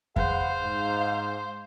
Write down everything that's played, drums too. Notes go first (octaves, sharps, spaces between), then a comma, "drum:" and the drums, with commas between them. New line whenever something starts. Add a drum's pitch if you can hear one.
G#4 B4 C5 F5 F#5, drum: kick F2
G#2